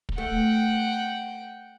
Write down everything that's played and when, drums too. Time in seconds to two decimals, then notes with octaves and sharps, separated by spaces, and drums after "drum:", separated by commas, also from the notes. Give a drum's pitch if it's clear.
0.09 drum: kick
0.18 A3 F#5 G5